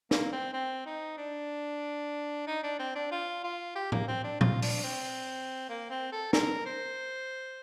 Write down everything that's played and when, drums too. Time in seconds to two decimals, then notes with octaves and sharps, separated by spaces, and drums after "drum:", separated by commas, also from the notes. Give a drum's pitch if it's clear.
0.11 A#3, drum: snare
0.33 C4
0.54 C4
0.86 D#4
1.18 D4
2.47 D#4
2.64 D4
2.80 C4
2.96 D4
3.12 F4
3.44 F4
3.76 G4
3.92 A#3, drum: tom A2
4.08 C4
4.24 D4
4.41 F4, drum: tom
4.62 D4, drum: open hi-hat
4.84 C4
5.69 A#3
5.91 C4
6.12 A4
6.33 A#4, drum: snare
6.66 C5